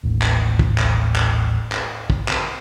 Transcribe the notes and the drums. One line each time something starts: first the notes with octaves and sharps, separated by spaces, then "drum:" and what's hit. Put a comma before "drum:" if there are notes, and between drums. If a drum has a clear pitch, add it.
D#1 A1
drum: clap
drum: kick
drum: clap
drum: clap
drum: clap
drum: kick
drum: clap